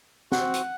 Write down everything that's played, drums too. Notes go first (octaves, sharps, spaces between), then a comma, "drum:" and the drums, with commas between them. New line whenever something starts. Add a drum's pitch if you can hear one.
C4 F#4 F#5, drum: snare
drum: hi-hat